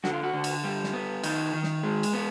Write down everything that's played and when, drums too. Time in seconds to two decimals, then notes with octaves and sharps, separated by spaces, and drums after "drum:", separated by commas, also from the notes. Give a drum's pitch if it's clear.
0.04 D3 F#4, drum: snare
0.13 F4
0.23 F#4
0.33 D3
0.44 drum: cymbal
0.64 G3
0.84 drum: snare
0.94 B3
1.24 D#3 D#4, drum: cymbal
1.53 D#3
1.63 drum: snare
1.83 G#3
2.03 drum: cymbal
2.13 B3